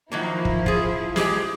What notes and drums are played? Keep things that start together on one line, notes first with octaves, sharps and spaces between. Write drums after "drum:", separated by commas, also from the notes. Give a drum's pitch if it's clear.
D#3 F3 F#3 A#3 E4
drum: kick
F4 G#4, drum: kick
G#3 G4 G#4, drum: snare